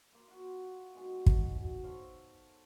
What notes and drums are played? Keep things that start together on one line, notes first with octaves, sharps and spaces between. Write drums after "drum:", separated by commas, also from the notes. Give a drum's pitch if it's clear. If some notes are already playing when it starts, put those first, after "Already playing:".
A#3 C6
F4 F#4
B2 D#3 G#3
drum: kick
F#3
A4 C5 C#5 F5